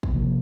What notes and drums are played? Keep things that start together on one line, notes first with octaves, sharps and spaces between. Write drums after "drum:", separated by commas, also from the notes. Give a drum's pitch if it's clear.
drum: kick
C3 F3 A#3